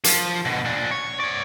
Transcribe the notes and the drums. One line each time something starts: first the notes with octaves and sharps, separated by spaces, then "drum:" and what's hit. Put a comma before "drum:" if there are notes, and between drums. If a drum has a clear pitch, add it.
F3, drum: hi-hat
B2 D3
A#2 D4
C#5
C#5 D5